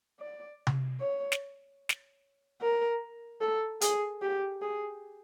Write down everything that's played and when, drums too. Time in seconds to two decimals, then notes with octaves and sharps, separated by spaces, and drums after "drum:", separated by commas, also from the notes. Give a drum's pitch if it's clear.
0.20 D5
0.67 drum: tom C3
1.01 C#5
1.32 drum: snare
1.89 drum: snare
2.61 A#4
3.41 A4
3.81 G#4, drum: hi-hat
4.22 G4
4.62 G#4